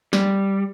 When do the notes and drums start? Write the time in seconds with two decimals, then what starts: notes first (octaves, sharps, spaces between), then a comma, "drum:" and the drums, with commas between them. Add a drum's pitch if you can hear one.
0.13 G3, drum: snare